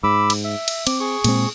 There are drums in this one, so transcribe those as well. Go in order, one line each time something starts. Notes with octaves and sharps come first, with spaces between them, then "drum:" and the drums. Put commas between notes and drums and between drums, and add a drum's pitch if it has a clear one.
G#2 B5 D6 E6
drum: cymbal
E5
drum: cymbal
C4 D6, drum: cymbal
G#4 C#6
A#2 G#3 C4, drum: cymbal